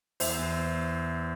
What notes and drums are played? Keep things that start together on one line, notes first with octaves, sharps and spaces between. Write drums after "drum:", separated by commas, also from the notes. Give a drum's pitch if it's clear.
E2 C5 E5, drum: open hi-hat
E2